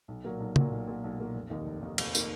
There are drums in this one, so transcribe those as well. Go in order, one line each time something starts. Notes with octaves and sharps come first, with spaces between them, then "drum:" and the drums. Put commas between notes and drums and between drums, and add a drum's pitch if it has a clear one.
B1
A#2 F#3 A#3
B1
A#2 F#3 A#3, drum: tom C#3
B1
A#2 F#3 A#3
B1
A#2 F#3 A#3
F1
D#2 D#3 A#3 D#4
F1
D#2 D#3 A#3 D#4
F1, drum: cymbal
D#3 A#3 D#4, drum: tambourine